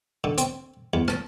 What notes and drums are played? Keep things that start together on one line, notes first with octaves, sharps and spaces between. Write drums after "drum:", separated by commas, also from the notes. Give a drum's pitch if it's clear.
D3
C4, drum: hi-hat
E2
A5, drum: rim click